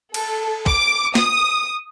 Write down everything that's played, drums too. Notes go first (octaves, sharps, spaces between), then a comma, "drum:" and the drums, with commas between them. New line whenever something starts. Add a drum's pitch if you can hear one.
A4, drum: cymbal
D6, drum: kick
D#6, drum: snare